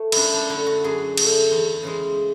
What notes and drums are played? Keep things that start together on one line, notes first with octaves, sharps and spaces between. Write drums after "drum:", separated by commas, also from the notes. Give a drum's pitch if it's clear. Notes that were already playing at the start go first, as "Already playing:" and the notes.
Already playing: A3
F#2 D4 E4, drum: cymbal
D4
D3 A3 E4
F#4
F#2 G#4
D3 A3, drum: cymbal
E2
C#3 E3 G#3